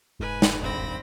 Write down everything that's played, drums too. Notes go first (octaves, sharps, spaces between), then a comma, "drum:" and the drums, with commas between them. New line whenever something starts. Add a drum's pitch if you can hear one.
F1 G#2 B4 G#5
drum: snare
D#1 G#1 G2 C4 B5 A#6